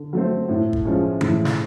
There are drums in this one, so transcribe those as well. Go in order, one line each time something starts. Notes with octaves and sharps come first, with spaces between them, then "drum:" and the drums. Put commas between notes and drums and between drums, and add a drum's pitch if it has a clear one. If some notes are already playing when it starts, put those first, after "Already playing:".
Already playing: D3
F#3 A3 C4
A2
drum: kick G1
F3 G#3 C#4
A2, drum: tom E3
drum: snare